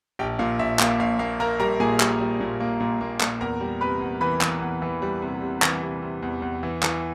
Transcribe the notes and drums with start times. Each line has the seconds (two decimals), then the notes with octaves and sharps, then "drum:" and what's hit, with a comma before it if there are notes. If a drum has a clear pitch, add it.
0.19 A#1 G4 G5
0.39 A#2 F5
0.59 A#1 E5
0.79 A#3 F5, drum: clap
0.99 A#1 F5
1.19 A#3 F5
1.40 A#3 A#4 A#5
1.60 G3 A#4 A#5
1.80 A#2 G#4 G#5
2.00 G3, drum: clap
2.20 G3
2.41 A#2
2.60 A#3
2.80 A#2
3.01 A#3
3.21 A#2, drum: clap
3.41 E2 A#4 A#5
3.61 G3
3.81 C3 B4 B5
4.01 E2
4.21 E3 B4 B5
4.41 E3, drum: clap
4.61 E2
4.82 E3
5.02 G3
5.22 C3
5.42 C3
5.62 E3, drum: clap
5.83 C3
6.02 C3
6.22 E2
6.42 E2
6.63 E3
6.83 E3, drum: clap